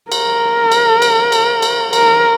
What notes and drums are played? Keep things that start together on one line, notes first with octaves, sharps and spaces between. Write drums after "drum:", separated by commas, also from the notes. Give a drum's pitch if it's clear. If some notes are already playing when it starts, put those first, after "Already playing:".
A#4, drum: cymbal
drum: cymbal
drum: cymbal
drum: cymbal
drum: cymbal
A#4, drum: cymbal